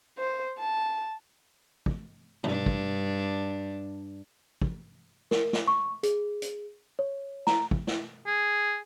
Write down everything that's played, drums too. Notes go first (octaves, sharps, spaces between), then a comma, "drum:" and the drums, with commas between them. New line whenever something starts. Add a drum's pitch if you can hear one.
C5
A5
drum: kick
G2 D4, drum: tom B2
drum: kick
drum: kick
A#4, drum: snare
drum: snare
C#6
G#4, drum: hi-hat
drum: hi-hat
C#5
A#5, drum: snare
drum: kick
drum: snare
G#4